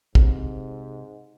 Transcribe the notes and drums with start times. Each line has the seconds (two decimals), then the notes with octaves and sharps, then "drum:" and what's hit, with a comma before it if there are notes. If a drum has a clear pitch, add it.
0.15 G#2 C3, drum: kick